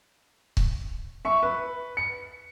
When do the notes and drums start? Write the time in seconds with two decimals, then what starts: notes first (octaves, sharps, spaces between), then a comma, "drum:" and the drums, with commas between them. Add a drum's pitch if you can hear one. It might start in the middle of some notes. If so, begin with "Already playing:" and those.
0.57 drum: kick C#1
1.25 E5 C#6
1.43 B4
1.97 C#7